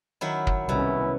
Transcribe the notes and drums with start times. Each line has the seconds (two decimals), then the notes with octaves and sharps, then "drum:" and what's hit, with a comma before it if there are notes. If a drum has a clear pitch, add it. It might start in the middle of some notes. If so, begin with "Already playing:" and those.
0.21 D#3 F#3 E4
0.47 drum: kick
0.69 C2 B2 C#4 E4